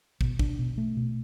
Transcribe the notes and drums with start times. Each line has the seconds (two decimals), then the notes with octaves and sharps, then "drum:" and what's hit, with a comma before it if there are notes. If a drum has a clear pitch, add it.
0.21 B2, drum: kick
0.39 D4, drum: kick
0.59 B2
0.78 A3
0.97 B2